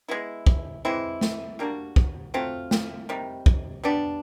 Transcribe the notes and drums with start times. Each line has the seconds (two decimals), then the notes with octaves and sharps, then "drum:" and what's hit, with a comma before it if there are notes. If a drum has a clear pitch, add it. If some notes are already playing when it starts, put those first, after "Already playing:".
0.08 G#3 B3 E4
0.47 drum: kick
0.85 E3 G#3 C4 E4
1.21 drum: snare
1.59 G3 A#3 D4 F#4
1.96 drum: kick
2.34 F#3 A3 C4 F4
2.71 drum: snare
3.09 C3 D#3 G3
3.46 drum: kick
3.83 G3 B3 D4